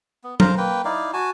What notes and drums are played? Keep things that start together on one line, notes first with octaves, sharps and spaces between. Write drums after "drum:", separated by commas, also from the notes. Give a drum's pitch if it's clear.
B3
A#4 C5 F5 A#5, drum: tom F#3
A#3 B4 G5
D#4 E4 D5 F5
F#4 G#5 A5